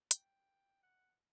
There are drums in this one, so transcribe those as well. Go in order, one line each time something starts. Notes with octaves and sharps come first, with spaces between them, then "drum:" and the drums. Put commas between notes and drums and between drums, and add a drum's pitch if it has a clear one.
G5, drum: hi-hat
F#5